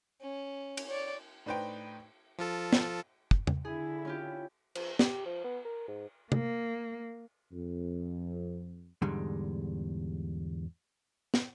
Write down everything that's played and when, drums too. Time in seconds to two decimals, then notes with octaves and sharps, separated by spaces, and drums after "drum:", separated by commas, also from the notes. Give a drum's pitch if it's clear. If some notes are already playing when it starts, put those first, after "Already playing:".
0.21 C#4
0.77 drum: cymbal
0.87 C#5 D5
1.46 A2 D4 D#4 B4 C5 G5
2.39 F3 F4 A4
2.73 drum: snare
3.31 drum: kick
3.47 drum: tom
3.65 D3 E4 G#4
4.05 C#4 F4 G4
4.75 F3, drum: cymbal
4.99 G4, drum: snare
5.25 F3
5.45 B3
5.65 A#4
5.88 G#2
6.32 A#3, drum: tom
7.51 F2
9.02 E2 G#2 D3 G3 G#3
11.34 drum: snare